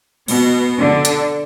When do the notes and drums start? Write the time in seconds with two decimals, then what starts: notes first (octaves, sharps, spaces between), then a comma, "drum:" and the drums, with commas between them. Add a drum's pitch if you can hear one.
0.28 B2 B3, drum: cymbal
0.78 D3 D4
1.05 drum: hi-hat